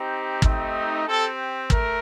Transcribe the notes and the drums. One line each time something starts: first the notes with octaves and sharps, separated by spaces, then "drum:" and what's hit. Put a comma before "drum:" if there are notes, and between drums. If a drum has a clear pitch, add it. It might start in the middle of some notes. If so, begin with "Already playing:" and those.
Already playing: C4 D#4 G4
A3 C4 D#4 G4, drum: kick
C4 G4 A4
A3 A#4, drum: kick